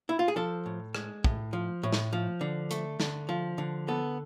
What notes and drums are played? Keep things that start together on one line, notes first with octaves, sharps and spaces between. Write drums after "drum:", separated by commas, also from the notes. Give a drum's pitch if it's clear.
E4
F4
G#4
F3 A4
A2
G#3, drum: rim click
A2, drum: kick
F3
A2
drum: snare
F3
D3
A3, drum: hi-hat
D3, drum: snare
F3
D3
B3 A4